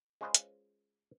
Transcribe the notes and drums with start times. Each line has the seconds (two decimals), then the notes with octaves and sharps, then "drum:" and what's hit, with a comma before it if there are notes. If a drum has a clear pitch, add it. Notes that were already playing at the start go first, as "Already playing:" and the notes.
0.21 G#3 C#4 F4 B4 C5 D#5
0.34 drum: hi-hat